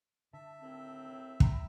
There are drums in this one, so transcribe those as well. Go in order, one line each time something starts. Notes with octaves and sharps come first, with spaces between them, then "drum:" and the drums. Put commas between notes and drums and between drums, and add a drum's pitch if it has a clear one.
D3 E5 A5
D#2 A2 C4
E2 G#2 D#3 G5 A#5 B5, drum: kick